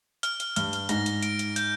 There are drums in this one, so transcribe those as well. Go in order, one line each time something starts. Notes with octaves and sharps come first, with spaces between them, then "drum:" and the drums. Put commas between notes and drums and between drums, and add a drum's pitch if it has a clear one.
F6, drum: hi-hat
drum: hi-hat
G2 F6, drum: hi-hat
drum: hi-hat
G#2 A#6, drum: hi-hat
drum: hi-hat
D7, drum: hi-hat
drum: hi-hat
G6, drum: hi-hat